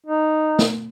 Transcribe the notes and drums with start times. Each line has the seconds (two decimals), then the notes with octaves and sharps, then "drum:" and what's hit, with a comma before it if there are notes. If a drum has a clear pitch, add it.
0.06 D#4
0.59 drum: snare